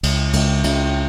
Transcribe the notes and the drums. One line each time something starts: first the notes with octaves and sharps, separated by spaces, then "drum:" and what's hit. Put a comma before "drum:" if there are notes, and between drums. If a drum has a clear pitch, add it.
C#2, drum: cymbal
C#2, drum: cymbal
C#2, drum: cymbal